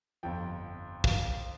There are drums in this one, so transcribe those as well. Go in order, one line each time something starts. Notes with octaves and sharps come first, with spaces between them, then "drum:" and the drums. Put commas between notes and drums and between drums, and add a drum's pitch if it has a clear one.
G1 F2 F3 G5
F5, drum: kick